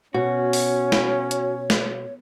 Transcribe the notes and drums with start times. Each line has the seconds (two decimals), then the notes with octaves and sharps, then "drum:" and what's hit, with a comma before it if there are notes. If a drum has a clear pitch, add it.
0.14 B2 C#4 F#4 C#5
0.53 drum: open hi-hat
0.92 drum: snare
1.31 drum: hi-hat
1.70 drum: snare